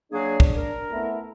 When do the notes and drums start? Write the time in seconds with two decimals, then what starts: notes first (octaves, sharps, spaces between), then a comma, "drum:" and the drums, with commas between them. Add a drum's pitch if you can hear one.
0.12 F#3 A#3 D4 G#4
0.40 drum: kick
0.56 A#4
0.91 A3 B3 E4